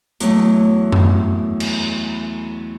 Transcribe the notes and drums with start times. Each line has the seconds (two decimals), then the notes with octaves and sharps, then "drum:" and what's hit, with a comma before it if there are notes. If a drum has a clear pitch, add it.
0.20 E2 F#3 A3, drum: hi-hat
0.92 drum: tom F#2
1.60 drum: cymbal